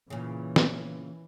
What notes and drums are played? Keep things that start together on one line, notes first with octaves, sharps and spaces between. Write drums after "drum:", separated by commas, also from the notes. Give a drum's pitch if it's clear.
A#2 C#3 E3
drum: snare